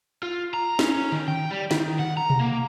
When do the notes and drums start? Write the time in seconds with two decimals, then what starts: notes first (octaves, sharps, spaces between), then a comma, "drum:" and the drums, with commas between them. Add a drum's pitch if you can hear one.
0.23 F4
0.54 A#5
0.79 C#4, drum: snare
1.12 D#3
1.28 G5
1.51 G3
1.71 D#3, drum: snare
1.99 F#5
2.17 A#5
2.30 drum: tom B2
2.40 A#3